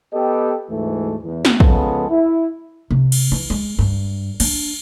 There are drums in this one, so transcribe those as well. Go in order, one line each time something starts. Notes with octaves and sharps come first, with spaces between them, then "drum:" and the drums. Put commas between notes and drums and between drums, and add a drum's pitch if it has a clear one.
B3 G4 A4 D#5 G5
D2 G#2 E3 A3
E2
drum: snare
C#3 F3 G#3 B3 A4, drum: kick
E4
C3
drum: cymbal
E3
G#3
G2
D4, drum: cymbal